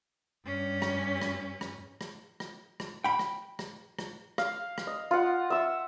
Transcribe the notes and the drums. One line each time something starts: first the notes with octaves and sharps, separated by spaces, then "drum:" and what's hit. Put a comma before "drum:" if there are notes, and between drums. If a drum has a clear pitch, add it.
G2 C#4
drum: rim click
drum: rim click
drum: rim click
drum: rim click
drum: rim click
drum: rim click
G5 B5
drum: rim click
drum: rim click
drum: rim click
F5, drum: rim click
drum: rim click
D#5
F4 F#5
E5 E6